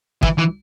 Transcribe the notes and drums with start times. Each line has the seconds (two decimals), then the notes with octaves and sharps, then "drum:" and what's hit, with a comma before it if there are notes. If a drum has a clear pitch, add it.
0.23 E3, drum: kick
0.38 E3